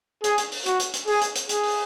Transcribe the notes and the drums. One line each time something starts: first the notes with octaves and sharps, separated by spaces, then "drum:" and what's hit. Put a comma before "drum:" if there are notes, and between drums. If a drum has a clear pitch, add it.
G#4, drum: hi-hat
drum: hi-hat
drum: open hi-hat
F#4, drum: hi-hat
drum: hi-hat
drum: hi-hat
G#4, drum: open hi-hat
drum: hi-hat
drum: hi-hat
G#4, drum: hi-hat
drum: open hi-hat